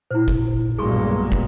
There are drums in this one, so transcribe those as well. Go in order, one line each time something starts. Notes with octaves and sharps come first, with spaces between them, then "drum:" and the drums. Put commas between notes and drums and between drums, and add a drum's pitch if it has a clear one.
A#2 E4 C5
drum: kick
B1 G2 A#2 G#3 G#4 C6 C#6
drum: kick